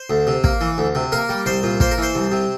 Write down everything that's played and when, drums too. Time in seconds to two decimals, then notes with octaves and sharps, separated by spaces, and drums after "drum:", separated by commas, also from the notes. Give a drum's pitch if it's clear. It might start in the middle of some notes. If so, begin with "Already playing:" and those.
Already playing: C5
0.10 D2
0.27 C3
0.44 A#3, drum: kick
0.61 E3
0.78 D2
0.95 C3
1.12 A#3 A#4
1.29 G3
1.46 C2 C5
1.63 A#2
1.80 A#3 C5, drum: kick
1.91 A#4
1.98 E3 C5
2.15 C2
2.32 C3